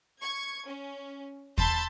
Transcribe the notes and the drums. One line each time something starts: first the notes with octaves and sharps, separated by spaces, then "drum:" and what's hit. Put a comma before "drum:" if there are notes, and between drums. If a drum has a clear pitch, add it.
C#6 G#6
C#4
A5 B5 C6 E6 G6 A6, drum: kick